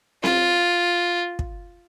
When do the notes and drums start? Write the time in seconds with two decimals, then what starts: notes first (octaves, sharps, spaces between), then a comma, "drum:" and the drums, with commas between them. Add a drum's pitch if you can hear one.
0.24 F4, drum: snare C4
1.39 drum: kick